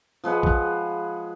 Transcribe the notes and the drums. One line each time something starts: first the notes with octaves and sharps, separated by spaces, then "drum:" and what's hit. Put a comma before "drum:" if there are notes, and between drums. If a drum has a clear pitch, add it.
F3 G#3 B4 F#5
drum: kick A#1